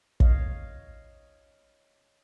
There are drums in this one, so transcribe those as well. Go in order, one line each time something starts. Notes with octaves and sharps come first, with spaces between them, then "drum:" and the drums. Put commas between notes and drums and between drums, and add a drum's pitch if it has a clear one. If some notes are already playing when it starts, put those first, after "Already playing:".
C#5 D#5 F5, drum: kick